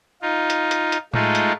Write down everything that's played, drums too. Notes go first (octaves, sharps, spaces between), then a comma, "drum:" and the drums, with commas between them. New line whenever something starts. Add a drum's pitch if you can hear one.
D#4 F4
drum: hi-hat
drum: hi-hat
drum: hi-hat
G#3 A3 D#4 F4, drum: tom A2
drum: hi-hat